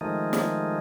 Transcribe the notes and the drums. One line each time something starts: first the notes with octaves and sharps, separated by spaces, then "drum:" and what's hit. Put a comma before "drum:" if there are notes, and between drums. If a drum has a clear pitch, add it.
D#3 F3 G#3 A3 D#4
drum: snare